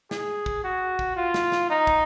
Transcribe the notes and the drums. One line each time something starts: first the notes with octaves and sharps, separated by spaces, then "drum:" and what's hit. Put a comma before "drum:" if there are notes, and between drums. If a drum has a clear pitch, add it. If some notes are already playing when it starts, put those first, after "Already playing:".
G#4, drum: snare
drum: kick
F#4
drum: kick
F4
drum: snare
drum: snare
D#4
drum: kick